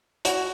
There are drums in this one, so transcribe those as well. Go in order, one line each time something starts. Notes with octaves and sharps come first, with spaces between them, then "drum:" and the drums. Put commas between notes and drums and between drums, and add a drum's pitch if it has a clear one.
F#4, drum: hi-hat